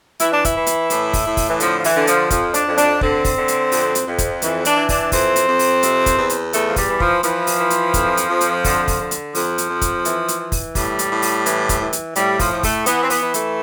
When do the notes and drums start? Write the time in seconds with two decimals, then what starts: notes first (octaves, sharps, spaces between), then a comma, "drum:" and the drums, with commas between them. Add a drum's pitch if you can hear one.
0.20 E3 E4, drum: hi-hat
0.32 D4
0.45 E4, drum: kick, hi-hat
0.55 E3
0.67 drum: hi-hat
0.90 A2, drum: hi-hat
1.13 drum: kick, open hi-hat
1.26 A2
1.37 drum: kick, open hi-hat
1.49 E3
1.60 D3 F3, drum: hi-hat
1.79 F3
1.84 E3, drum: open hi-hat
1.96 D3
2.07 F3, drum: hi-hat
2.30 F2 F3, drum: kick, hi-hat
2.54 D4, drum: hi-hat
2.66 F2
2.78 D4, drum: hi-hat
3.01 D3 C4, drum: kick
3.25 drum: kick, open hi-hat
3.36 D3
3.48 drum: hi-hat
3.72 F2, drum: open hi-hat
3.95 drum: hi-hat
4.07 F2
4.18 drum: kick, hi-hat
4.42 E3, drum: hi-hat
4.65 D4, drum: hi-hat
4.77 E3
4.89 D4, drum: kick, open hi-hat
5.12 F2 C4, drum: kick, open hi-hat
5.36 drum: hi-hat
5.47 F2
5.59 drum: open hi-hat
5.83 C3, drum: hi-hat
6.06 drum: kick, hi-hat
6.18 E2
6.30 drum: hi-hat
6.53 E2 A3, drum: hi-hat
6.69 F3
6.76 G3, drum: kick, open hi-hat
6.88 E3
7.00 F3, drum: kick
7.23 E3 F3, drum: hi-hat
7.47 drum: open hi-hat
7.59 E3
7.70 drum: hi-hat
7.94 F2, drum: kick, hi-hat
8.17 drum: hi-hat
8.29 F2
8.41 drum: hi-hat
8.64 D3, drum: kick, open hi-hat
8.88 drum: kick, open hi-hat
8.99 D3
9.11 drum: hi-hat
9.35 F2 F3, drum: open hi-hat
9.58 drum: hi-hat
9.69 F2
9.81 drum: kick, hi-hat
10.05 E3, drum: hi-hat
10.28 drum: hi-hat
10.40 E3
10.52 drum: kick, open hi-hat
10.75 A2 G3, drum: kick, open hi-hat
10.99 drum: hi-hat
11.10 A2
11.22 drum: open hi-hat
11.46 E3, drum: hi-hat
11.69 drum: kick, hi-hat
11.81 E3
11.93 drum: hi-hat
12.16 A2 G3, drum: hi-hat
12.39 F3, drum: kick, open hi-hat
12.51 A2
12.63 A3, drum: kick, open hi-hat
12.86 E3 B3, drum: hi-hat
13.03 C4
13.10 B3, drum: open hi-hat
13.22 E3
13.34 A3, drum: hi-hat